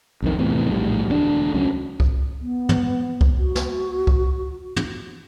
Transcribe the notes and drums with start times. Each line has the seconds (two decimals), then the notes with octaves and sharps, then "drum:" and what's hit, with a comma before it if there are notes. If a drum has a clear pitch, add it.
0.22 B1 F2 D#3
0.38 E2 A2 C3
0.69 A#1 A2 G3
1.08 E1 D2 A#3 D4
1.54 C#2 F#3 C#4
2.00 drum: kick C2
2.41 B3
2.69 drum: tom
3.21 drum: kick C2
3.38 F#4
3.55 drum: snare
4.07 drum: kick C2
4.76 drum: tom